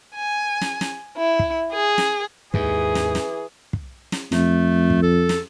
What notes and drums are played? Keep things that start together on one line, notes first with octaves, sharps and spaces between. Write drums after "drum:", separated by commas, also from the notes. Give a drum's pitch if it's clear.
G#5
drum: snare
drum: snare
E4
drum: kick
G#4
drum: snare
D#2 G#2 E3 G#4, drum: kick
drum: snare
drum: snare
drum: kick
drum: snare
F2 A3, drum: snare
drum: kick
A4
drum: snare